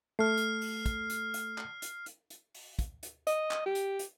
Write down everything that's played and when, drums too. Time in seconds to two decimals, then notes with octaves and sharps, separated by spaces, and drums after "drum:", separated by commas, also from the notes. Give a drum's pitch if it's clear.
0.19 A3 A4 F6 C7
0.37 drum: hi-hat
0.62 drum: open hi-hat
0.86 drum: kick, hi-hat
1.10 drum: hi-hat
1.34 drum: hi-hat
1.58 drum: clap
1.82 drum: hi-hat
2.06 drum: hi-hat
2.30 drum: hi-hat
2.54 drum: open hi-hat
2.79 drum: kick, hi-hat
3.03 drum: hi-hat
3.27 D#5, drum: hi-hat
3.51 drum: clap
3.66 G4
3.75 drum: hi-hat
3.99 drum: hi-hat